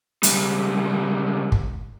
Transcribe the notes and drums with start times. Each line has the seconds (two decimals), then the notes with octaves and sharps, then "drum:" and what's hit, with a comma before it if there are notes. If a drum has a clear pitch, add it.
0.23 C#2 G3, drum: hi-hat
1.52 drum: kick